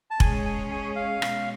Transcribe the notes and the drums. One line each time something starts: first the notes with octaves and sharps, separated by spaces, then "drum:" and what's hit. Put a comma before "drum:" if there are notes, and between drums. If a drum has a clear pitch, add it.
A5
G#3 C#4 G#4 C#5 G#5, drum: kick F1
G#5
G#5
F5
B2 G#3 C#4, drum: rim click